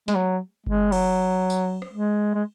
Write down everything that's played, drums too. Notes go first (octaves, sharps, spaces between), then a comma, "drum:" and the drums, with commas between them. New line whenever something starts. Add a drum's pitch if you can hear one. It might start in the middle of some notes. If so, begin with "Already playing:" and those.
G#3, drum: snare
F#3
G#3, drum: kick G1
F#3, drum: cymbal
drum: tambourine
drum: rim click
G#3
G#3